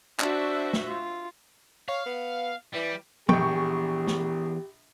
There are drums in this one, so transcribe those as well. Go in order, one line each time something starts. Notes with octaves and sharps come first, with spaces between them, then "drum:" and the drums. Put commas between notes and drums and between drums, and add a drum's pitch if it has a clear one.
D4 F#4 C5 E5, drum: clap
drum: snare
F4
C#5 F5
B3
E3 G3
A#1 E2 G4 G5 C#6, drum: tom
drum: snare